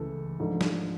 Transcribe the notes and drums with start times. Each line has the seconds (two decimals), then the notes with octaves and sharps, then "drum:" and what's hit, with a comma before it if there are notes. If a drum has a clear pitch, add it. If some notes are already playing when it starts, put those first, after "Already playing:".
Already playing: C#2 C#3 E3 A3 A4
0.40 G#2 F3 A3 D4
0.61 drum: snare